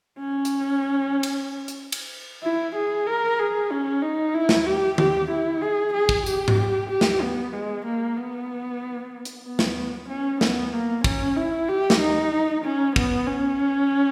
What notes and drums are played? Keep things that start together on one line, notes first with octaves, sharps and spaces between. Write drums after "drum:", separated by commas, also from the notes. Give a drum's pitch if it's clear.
C#4
drum: hi-hat
drum: cymbal
drum: hi-hat
drum: cymbal
E4
G#4
A#4
G#4
C#4
D#4
E4
drum: snare
G4
G4, drum: tom D3
E4
G#4
G#4
drum: kick
G4, drum: tambourine
drum: tom G#2
G4
drum: snare
B3
G#3
A#3
B3
drum: hi-hat
B3
drum: snare
C#4
B3, drum: snare
A#3
C#4, drum: kick
E4
G4
drum: snare
D#4
C#4
B3, drum: kick
C#4